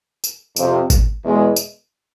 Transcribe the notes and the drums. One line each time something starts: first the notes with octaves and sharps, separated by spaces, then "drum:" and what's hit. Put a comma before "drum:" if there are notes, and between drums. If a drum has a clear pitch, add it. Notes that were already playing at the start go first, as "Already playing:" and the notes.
drum: tambourine
F2 C3 F3, drum: tambourine
drum: kick G#1, tambourine
E2 B2 G#3
drum: tambourine